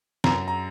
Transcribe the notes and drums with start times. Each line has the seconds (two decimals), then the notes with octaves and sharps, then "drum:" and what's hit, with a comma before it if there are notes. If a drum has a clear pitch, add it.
0.24 F#2 A#5, drum: snare
0.48 A#5